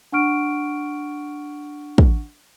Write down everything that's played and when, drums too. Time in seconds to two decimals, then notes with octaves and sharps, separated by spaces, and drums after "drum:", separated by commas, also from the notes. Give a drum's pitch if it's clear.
0.12 D4 F#5 C#6 F6 D7
1.98 drum: kick